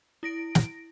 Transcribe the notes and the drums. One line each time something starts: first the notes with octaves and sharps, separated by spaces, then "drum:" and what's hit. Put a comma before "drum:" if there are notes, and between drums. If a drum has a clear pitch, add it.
E4 A#6 D7
drum: snare